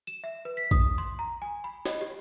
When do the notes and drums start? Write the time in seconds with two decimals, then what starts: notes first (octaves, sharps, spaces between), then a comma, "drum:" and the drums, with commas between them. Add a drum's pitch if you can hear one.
0.07 E7
0.24 E5
0.45 B4
0.57 B6
0.71 D#6, drum: kick A1
0.98 C6
1.19 A#5
1.42 G#5
1.64 B5
1.86 D#5, drum: snare
2.01 G4